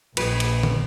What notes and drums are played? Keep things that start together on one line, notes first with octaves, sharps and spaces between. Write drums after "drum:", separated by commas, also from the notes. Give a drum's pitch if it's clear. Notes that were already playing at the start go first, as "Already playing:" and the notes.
A#1 G#4 B4, drum: cymbal
drum: cymbal
drum: tom D3